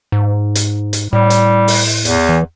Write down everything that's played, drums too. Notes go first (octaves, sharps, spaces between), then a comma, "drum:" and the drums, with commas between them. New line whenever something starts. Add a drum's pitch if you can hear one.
G#2
drum: hi-hat
drum: hi-hat
A2 G3
drum: hi-hat
drum: open hi-hat
E2, drum: hi-hat
E3